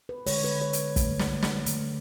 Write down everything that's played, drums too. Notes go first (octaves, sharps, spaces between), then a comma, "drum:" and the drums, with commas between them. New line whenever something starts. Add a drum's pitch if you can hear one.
B4
D3 G#3 C#5, drum: open hi-hat
B4
C#5
drum: hi-hat
D3 A3, drum: kick, hi-hat
drum: snare
drum: snare
D3 A3, drum: hi-hat